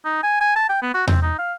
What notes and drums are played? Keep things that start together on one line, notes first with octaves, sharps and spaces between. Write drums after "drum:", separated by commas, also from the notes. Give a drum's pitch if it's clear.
D#4
G#5
G#5
A5
G5
B3
F#4
C4, drum: tom E2
D#4
F5